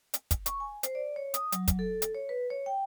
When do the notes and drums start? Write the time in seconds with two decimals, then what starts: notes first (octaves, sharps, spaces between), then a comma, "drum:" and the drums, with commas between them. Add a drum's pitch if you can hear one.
0.14 drum: hi-hat
0.31 drum: kick, hi-hat
0.46 C#6, drum: hi-hat
0.60 G#5
0.83 C5, drum: hi-hat
0.95 D5
1.16 C#5
1.34 D#6, drum: hi-hat
1.52 F#3, drum: hi-hat
1.68 drum: kick, hi-hat
1.79 A4
2.02 drum: hi-hat
2.14 C#5
2.29 B4
2.50 C#5
2.66 G5